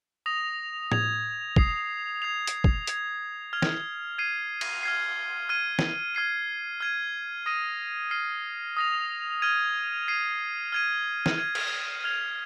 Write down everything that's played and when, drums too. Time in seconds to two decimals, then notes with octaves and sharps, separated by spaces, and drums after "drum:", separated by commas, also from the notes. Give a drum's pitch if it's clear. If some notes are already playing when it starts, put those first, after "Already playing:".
0.26 D#6 A#6 F7
0.92 G#6 F7, drum: tom A2
1.56 D#6 C7 F7, drum: kick
2.22 G#6 C7 F7
2.47 drum: hi-hat
2.64 drum: kick
2.87 G#6 F7, drum: hi-hat
3.53 F6 G#6 F7
3.62 drum: snare
4.18 G#6 C7 D#7
4.61 drum: cymbal
4.83 F6 G#6 C7
5.49 F6 G#6 D#7
5.79 drum: snare
6.15 F6 G#6 C7 D#7
6.81 F6 G#6 D#7
7.46 D#6 A#6 D#7
8.11 F6 C7 D#7
8.77 D#6 A#6 F7
9.42 F6 G#6 D#7
10.08 G#6 C7 D#7
10.72 F6 G#6 D#7
11.26 drum: snare
11.38 G#6 D#7
11.55 drum: cymbal
12.04 F6 G#6 F7